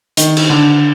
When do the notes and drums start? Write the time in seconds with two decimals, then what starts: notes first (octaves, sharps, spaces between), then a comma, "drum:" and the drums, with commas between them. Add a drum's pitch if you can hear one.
0.17 D#3, drum: hi-hat
0.37 drum: cymbal
0.50 D3